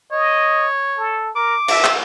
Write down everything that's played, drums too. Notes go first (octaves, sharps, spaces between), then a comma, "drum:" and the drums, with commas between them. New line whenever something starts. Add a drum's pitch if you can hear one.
C#5 D#5
A4
A#4 D6
E5, drum: cymbal
drum: clap